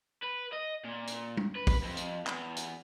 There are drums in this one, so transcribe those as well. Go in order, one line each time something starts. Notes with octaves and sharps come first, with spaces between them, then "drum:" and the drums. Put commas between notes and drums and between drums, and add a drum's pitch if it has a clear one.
B4
D#5
A#2
drum: hi-hat
drum: tom G3
B4
drum: kick, open hi-hat
F2
drum: hi-hat
E2, drum: clap
drum: hi-hat